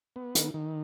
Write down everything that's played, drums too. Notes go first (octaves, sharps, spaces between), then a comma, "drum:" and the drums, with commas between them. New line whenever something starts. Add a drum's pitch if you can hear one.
B3
D#3, drum: hi-hat
D#3